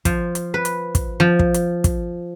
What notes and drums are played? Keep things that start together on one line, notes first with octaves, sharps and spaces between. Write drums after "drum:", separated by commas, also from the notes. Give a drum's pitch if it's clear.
F3, drum: kick, hi-hat
drum: hi-hat
B4
drum: hi-hat
drum: kick, hi-hat
F3
drum: kick
drum: hi-hat
drum: kick, hi-hat